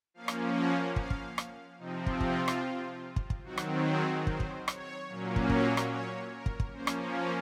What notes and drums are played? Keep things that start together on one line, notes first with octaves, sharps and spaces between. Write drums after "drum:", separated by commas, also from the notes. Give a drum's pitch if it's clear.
F3 A#3 C#4 F5
drum: rim click
F#5
F5, drum: kick
drum: kick
drum: rim click
C3 F3 C4 D#4
drum: kick
F4, drum: kick
drum: rim click
drum: kick
drum: kick
D#3 F#3 C4 F#4
drum: rim click
G#4
C5, drum: kick
drum: kick
C#5, drum: rim click
A#2 F#3 A#3 C#4
drum: kick
C#5, drum: kick
drum: rim click
C#5
A#4
drum: kick
drum: kick
F3 A#3 C#4 C5
drum: rim click